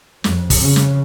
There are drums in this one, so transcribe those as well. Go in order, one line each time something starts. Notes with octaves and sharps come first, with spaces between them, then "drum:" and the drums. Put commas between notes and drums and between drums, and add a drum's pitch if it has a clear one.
F2, drum: snare
drum: kick, open hi-hat
C#3
drum: snare